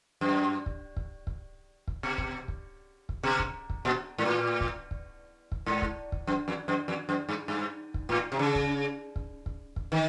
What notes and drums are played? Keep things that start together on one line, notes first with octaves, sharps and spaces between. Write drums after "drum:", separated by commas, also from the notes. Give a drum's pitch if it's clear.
F#2
drum: kick
drum: kick
drum: kick
drum: kick
B2
drum: kick
drum: kick
drum: kick
B2
drum: kick
drum: kick
A#2
G#2
A2
drum: kick
drum: kick
drum: kick
G#2
drum: kick
drum: kick
F#2
F2
F#2
F2
F#2
G2
G2
drum: kick
A2
C3
C#3
drum: kick
drum: kick
drum: kick
drum: kick
D#3